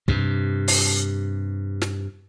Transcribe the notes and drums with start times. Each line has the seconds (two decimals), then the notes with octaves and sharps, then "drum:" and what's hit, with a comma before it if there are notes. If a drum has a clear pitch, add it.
0.08 G2 C3, drum: kick
0.68 drum: open hi-hat
1.82 drum: snare